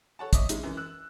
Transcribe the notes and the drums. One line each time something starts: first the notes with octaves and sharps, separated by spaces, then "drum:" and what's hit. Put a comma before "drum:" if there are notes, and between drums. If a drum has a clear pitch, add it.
A4 C#5 F#5 A5
C#5 D#5 E5 D6 D#6, drum: kick, hi-hat
G#3 C#4 D#4 E4, drum: hi-hat
F#2 E3
E6 F#6